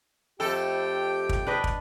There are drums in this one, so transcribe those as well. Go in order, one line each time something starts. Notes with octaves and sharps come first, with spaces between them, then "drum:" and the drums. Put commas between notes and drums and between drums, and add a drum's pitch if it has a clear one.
F2 A3 G4 A4 G5
drum: kick
D4 B4 D#5
drum: kick